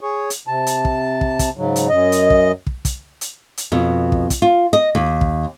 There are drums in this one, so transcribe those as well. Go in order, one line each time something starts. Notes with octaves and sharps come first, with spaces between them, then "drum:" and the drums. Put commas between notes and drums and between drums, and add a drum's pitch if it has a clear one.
G#4 C#5
drum: hi-hat
C3 A5
drum: hi-hat
drum: kick
drum: kick
drum: kick, hi-hat
G#2 C#3 F#3
drum: hi-hat
F#2 D#5
drum: hi-hat
drum: kick
drum: kick
drum: kick, hi-hat
drum: hi-hat
drum: hi-hat
F2 B2
drum: kick
drum: kick, hi-hat
F4
D#5
D#2
drum: kick